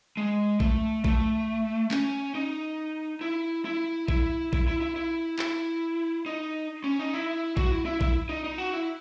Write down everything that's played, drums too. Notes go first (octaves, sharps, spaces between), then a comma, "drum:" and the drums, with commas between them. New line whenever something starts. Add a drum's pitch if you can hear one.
G#3
A3, drum: kick A#1
A3, drum: kick A#1
C#4, drum: clap
D#4
E4
E4
E4, drum: kick A#1
E4, drum: kick A#1
E4
E4
E4
E4, drum: clap
D#4
C#4
D#4
E4
F#4, drum: kick A#1
E4
E4
E4, drum: kick A#1
D#4
D#4
F#4
E4